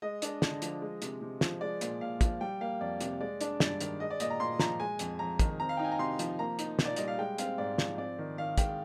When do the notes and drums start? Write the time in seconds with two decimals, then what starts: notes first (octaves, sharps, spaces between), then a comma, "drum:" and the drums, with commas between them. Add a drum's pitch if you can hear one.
0.02 G#3 D#5
0.22 D4, drum: hi-hat
0.42 D3, drum: snare
0.62 F3, drum: hi-hat
0.82 G#3
1.02 C3, drum: hi-hat
1.22 C3
1.41 F3, drum: snare
1.61 G#3 D5
1.81 A#2, drum: hi-hat
2.01 A#2 F5
2.21 F3, drum: kick, hi-hat
2.41 G3 G5
2.61 A#3 F5
2.80 F2 D5
3.01 C3, drum: hi-hat
3.21 G#3 D5
3.41 D4, drum: hi-hat
3.60 G2 D5, drum: snare
3.81 D#3, drum: hi-hat
4.00 G#3 D#5
4.11 D5
4.20 A#2 D#5, drum: hi-hat
4.30 A#5
4.40 A#2 C6
4.59 F3 A#5, drum: snare
4.80 G#3 G#5
4.99 F2, drum: hi-hat
5.19 F2 A#5
5.39 D#3, drum: kick, hi-hat
5.59 C4 A#5
5.69 F5
5.77 D#4 G5
5.84 G#5
5.92 A#5
5.99 C3 C6
6.19 F3, drum: hi-hat
6.39 A#3 A#5
6.59 D#4, drum: hi-hat
6.79 A#2, drum: snare
6.85 D5
6.96 G3 D#5, drum: hi-hat
7.08 F5
7.18 G#3 G5
7.38 C4 F5, drum: hi-hat
7.58 G#2 D5
7.78 F3, drum: snare
7.98 C4 D5
8.19 D#3
8.38 D#3 F5
8.58 G#3 G5, drum: kick, hi-hat